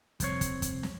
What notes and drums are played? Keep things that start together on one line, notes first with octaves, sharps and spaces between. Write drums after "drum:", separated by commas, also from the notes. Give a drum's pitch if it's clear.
C2 F2 C4 C#5, drum: kick, hi-hat
drum: kick, hi-hat
drum: kick, hi-hat
drum: snare